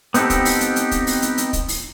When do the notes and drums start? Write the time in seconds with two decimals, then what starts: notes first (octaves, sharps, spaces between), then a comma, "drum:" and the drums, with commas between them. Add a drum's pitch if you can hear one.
0.14 B3 C4 D#4 G4 A4, drum: hi-hat
0.30 drum: kick, hi-hat
0.45 drum: open hi-hat
0.61 drum: hi-hat
0.76 drum: hi-hat
0.91 drum: kick, hi-hat
1.07 drum: open hi-hat
1.22 drum: hi-hat
1.38 drum: hi-hat
1.53 drum: kick, hi-hat
1.68 drum: open hi-hat